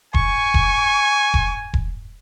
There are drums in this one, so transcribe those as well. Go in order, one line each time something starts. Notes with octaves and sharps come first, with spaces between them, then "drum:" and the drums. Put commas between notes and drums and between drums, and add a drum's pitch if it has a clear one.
G#5 C#6, drum: kick E1
drum: kick E1
drum: kick E1
drum: kick E1